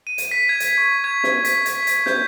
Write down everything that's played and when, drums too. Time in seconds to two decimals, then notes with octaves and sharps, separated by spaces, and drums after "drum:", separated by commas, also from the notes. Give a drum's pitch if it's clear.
0.07 D#7
0.18 drum: hi-hat
0.31 B6
0.49 G#6
0.60 drum: hi-hat
0.78 C#6
1.04 G#6
1.24 drum: snare
1.45 B6, drum: hi-hat
1.66 G#6, drum: hi-hat
1.87 drum: hi-hat
2.06 G6, drum: snare